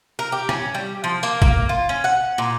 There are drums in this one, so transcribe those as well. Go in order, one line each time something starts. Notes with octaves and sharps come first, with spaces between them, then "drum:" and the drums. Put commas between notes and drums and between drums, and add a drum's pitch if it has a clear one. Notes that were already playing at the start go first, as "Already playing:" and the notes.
A#4
G4
C#4, drum: rim click
G3
F3
A#3, drum: tambourine
A#3, drum: kick
F4
C#4
F#5
A#2